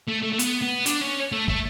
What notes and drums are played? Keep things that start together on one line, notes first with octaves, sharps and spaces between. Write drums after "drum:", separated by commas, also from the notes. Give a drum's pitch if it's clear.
A3
A3
A3
B3, drum: hi-hat
B3
D4, drum: hi-hat
C#4
A3
A3, drum: kick